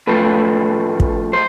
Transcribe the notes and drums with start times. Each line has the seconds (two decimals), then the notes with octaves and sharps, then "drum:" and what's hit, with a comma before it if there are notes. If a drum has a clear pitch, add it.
0.07 A2 F3 A3 B4
1.00 drum: kick
1.33 C5